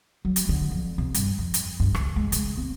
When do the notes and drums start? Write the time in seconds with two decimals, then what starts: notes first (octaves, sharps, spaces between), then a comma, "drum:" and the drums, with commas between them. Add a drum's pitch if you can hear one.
0.25 F#3
0.36 drum: hi-hat
0.49 D3
0.71 F2
0.98 C3
1.14 G2, drum: hi-hat
1.38 F2
1.54 drum: hi-hat
1.80 G2
1.95 C#2, drum: rim click
2.16 G#3
2.32 C#3, drum: hi-hat
2.57 C4